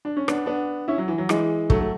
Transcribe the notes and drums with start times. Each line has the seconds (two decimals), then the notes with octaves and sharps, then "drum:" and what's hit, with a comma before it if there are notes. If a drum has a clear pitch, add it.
0.05 D4
0.17 C#4
0.28 B3 D4, drum: rim click
0.46 B3 D4
0.88 C#4 E4
0.98 F#3
1.08 E3
1.18 F#3
1.29 E3 G#3, drum: rim click
1.70 F#3 A3, drum: kick
1.81 A3